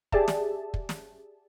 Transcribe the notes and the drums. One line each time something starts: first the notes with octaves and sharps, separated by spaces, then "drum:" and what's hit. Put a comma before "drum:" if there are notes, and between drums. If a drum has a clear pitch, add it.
G4 G#4 D5 E5 A5, drum: kick
drum: snare
drum: kick
drum: snare